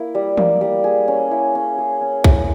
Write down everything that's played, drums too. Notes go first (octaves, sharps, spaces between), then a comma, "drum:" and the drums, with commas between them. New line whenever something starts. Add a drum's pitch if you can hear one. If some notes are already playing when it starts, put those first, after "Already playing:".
Already playing: A#3 E4
G3
A#3, drum: tom E3
G3
G#4
C#4
E4
C#4
G#4
C#4
E4, drum: kick